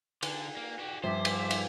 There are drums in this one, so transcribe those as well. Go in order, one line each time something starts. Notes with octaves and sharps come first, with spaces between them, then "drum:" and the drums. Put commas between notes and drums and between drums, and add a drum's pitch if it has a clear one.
D3, drum: cymbal
A#3
F#4 G4 G5
G2 F3 C5 E5 D6
drum: cymbal
drum: cymbal